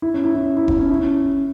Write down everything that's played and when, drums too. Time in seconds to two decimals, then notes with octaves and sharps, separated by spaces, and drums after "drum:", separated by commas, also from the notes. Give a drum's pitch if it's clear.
0.02 E4
0.14 C#4
0.24 E4
0.35 E4
0.46 C#4
0.57 E4
0.68 E4, drum: kick E1
0.79 C#4
0.90 E4
1.00 C#4